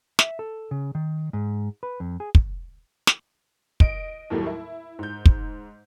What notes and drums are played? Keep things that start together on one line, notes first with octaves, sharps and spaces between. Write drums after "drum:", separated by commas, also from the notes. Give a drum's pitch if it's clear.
E5, drum: snare
A4
C#3
D#3
G#2
B4
F2
G#4
drum: kick
drum: snare
D#5 D7, drum: kick
D#2 A2 F#3 G3 A3 A#3
E4
G#2 G6
drum: kick